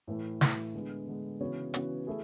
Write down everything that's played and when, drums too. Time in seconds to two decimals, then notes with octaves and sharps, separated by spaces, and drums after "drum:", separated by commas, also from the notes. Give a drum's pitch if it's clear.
0.07 A2 E3 A3
0.41 A2 E3 A3, drum: snare
0.74 D3 G#3 B3
1.07 D3 G#3 B3
1.40 C#3 E3 B3 F#4 C#5
1.74 C#3 E3 B3 F#4 C#5, drum: hi-hat
2.07 A3 E4 G#4